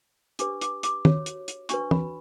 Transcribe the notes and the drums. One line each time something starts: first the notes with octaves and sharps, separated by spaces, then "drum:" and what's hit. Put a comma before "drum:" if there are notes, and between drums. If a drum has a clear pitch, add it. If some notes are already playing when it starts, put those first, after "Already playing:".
D4 G4 B4 D6, drum: hi-hat
D6, drum: hi-hat
D6, drum: hi-hat
F#4 C#5, drum: tom
drum: hi-hat
drum: hi-hat
D4 F#4 B4 C#6, drum: hi-hat
B5, drum: tom